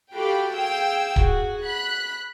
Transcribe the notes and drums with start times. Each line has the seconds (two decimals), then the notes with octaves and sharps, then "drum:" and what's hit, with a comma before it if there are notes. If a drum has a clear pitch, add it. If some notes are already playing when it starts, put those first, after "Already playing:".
0.13 F#4 G4 A4 F5 G5 B5
0.52 G#4 F5 G5 E6
1.16 F#4 G#4, drum: kick D1
1.65 B5 F#6